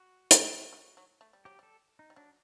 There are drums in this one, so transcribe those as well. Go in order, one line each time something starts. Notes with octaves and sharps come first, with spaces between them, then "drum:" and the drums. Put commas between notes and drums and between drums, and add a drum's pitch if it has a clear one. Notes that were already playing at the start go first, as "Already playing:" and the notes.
Already playing: F#4
drum: hi-hat
F#3
D#3
F#3
A3
G3
F#3 G4
G3 A4
D#4
G3
F#3 D4